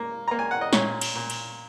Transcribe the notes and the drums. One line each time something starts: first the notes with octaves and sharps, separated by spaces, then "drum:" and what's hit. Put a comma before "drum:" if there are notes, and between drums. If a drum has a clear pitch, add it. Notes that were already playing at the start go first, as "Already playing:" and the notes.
Already playing: A#3
A#3 A#5
G#5
F#5
D#5
A#2 C#4 C#5, drum: snare
drum: cymbal
A#2
drum: cymbal